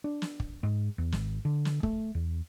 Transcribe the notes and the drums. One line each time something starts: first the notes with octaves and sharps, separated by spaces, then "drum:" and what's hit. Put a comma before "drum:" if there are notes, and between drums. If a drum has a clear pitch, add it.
D4
drum: snare
drum: kick
G#2
E2
G#1, drum: snare
D3
drum: snare
A3, drum: kick
E2